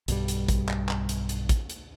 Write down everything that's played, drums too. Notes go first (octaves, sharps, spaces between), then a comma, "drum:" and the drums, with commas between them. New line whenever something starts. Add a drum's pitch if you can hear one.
B1 G2 G3, drum: hi-hat
drum: hi-hat
drum: kick A1, hi-hat
drum: clap
drum: clap
drum: hi-hat
drum: hi-hat
drum: kick A1, hi-hat
drum: hi-hat